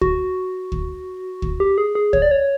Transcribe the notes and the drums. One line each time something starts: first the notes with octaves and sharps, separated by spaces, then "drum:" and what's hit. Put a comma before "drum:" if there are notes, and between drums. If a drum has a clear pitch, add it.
F#4, drum: kick
drum: kick
drum: kick
G4
G#4
G#4
C#5, drum: kick
D5
C#5